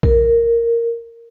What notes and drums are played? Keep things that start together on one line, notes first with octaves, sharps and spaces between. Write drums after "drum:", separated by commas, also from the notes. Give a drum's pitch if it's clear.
A#4, drum: kick B1